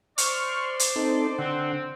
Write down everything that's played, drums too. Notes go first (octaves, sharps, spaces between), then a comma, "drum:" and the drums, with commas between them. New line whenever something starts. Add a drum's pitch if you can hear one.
C5 D5 C#6 F6, drum: hi-hat
drum: hi-hat
C4 D#4 A4
D3 C4 F#5